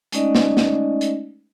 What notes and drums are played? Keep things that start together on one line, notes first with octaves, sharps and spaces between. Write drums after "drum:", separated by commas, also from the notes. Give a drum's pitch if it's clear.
G#3 A3 C#4 D#4 D5 D#5, drum: hi-hat
drum: snare
drum: snare
drum: hi-hat